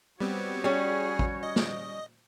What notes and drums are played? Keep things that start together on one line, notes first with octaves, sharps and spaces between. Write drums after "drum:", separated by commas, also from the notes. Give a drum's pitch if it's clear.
G3 B3 C4 F#4 C#5
G3 C#4 G#4
drum: kick
D#5
drum: snare